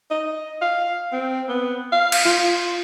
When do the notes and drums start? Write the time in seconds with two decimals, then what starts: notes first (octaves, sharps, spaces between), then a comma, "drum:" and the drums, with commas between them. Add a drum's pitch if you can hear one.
0.11 D#5
0.62 F5
1.13 C4
1.49 B3
1.92 F5
2.12 drum: cymbal
2.25 F4